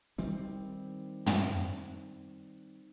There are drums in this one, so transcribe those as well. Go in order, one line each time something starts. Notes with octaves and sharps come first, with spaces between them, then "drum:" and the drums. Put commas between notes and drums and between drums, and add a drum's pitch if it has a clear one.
D#3 G3 C4
drum: tom